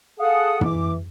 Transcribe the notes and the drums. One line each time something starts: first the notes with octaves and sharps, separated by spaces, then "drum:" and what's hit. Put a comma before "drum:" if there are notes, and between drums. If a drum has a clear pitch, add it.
G#4 A4 F5 F#5 D#6
E3 D6, drum: tom